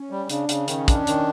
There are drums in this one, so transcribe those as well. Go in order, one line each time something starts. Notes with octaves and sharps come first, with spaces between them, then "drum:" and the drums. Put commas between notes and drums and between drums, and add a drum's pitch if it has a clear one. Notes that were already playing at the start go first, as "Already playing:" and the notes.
Already playing: C#4
G3
C#3 D4, drum: hi-hat
C#3, drum: hi-hat
D#3 C#4, drum: hi-hat
D4, drum: kick, hi-hat
D#3, drum: hi-hat